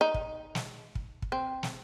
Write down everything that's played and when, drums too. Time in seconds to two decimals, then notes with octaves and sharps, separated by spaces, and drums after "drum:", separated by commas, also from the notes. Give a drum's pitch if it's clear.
0.01 D#4
0.14 drum: kick
0.55 drum: snare
0.95 drum: kick
1.22 drum: kick
1.32 C4
1.63 drum: snare